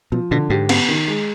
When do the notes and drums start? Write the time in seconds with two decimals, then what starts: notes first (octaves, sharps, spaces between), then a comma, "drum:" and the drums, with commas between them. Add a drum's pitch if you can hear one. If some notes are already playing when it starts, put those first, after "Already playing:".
0.12 B2 F3
0.31 B2 D3
0.50 G#2 G4
0.69 B3, drum: cymbal
0.88 D#3
1.08 G#3